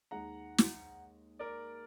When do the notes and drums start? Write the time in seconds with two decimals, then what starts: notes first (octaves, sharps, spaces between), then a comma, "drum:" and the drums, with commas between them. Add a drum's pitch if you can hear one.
0.11 D#2 D#3 G#3 F#5 A#5
0.58 drum: snare
1.39 A#4 D5